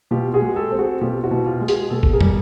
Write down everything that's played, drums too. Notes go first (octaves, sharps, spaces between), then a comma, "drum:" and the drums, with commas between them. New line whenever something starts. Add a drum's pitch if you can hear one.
B2 F4 G4
F#4 G#4
G#3
G4 A4
C4
F#4 G#4
B2 F4 G4
E4 F#4
B2
F4 G4
G#3
F#4 G#4, drum: hi-hat
B2 G4 A4
drum: kick F#1
G#4 A#4
G3, drum: tom